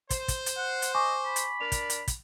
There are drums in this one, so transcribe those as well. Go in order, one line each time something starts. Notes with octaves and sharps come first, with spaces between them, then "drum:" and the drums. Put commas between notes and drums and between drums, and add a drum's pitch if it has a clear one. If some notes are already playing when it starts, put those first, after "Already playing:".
C5, drum: kick, hi-hat
drum: kick, hi-hat
drum: hi-hat
F#5
drum: hi-hat
D#5 G#5 C#6 D6
B5
drum: hi-hat
D4 A#4 D5 F7
drum: kick, hi-hat
drum: hi-hat
drum: kick, hi-hat